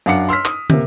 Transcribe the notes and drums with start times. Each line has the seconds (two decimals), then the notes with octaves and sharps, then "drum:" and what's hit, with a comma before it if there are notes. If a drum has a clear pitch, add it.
0.06 F#2 D4 F5 F#5 D6 C#7
0.29 C6 E6 F6 B6
0.45 D#6, drum: clap
0.70 C3 A#3, drum: tom